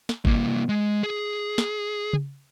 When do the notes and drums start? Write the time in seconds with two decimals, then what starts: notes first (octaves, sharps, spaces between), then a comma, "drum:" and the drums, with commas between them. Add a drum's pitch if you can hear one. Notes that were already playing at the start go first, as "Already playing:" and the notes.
0.09 drum: snare
0.25 C2 A#3, drum: kick G1
0.69 G#3
1.03 G#4
1.58 drum: snare
2.13 drum: tom C#3